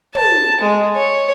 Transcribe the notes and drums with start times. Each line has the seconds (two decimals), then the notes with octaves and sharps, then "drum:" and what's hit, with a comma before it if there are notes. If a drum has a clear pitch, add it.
0.15 A5, drum: tom
0.61 G#3
0.96 C#5